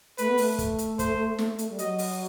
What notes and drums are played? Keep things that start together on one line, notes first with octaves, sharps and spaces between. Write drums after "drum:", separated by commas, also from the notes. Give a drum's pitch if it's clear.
A3 B4, drum: hi-hat
B3
A3, drum: open hi-hat
drum: kick, hi-hat
drum: hi-hat
C5, drum: kick, hi-hat
drum: snare
drum: hi-hat
G3
F#3 D#5, drum: hi-hat
drum: open hi-hat